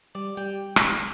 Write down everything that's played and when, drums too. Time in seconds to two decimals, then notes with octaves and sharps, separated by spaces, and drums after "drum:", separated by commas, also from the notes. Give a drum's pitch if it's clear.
0.15 G3 D5
0.37 G3 G5
0.76 drum: rim click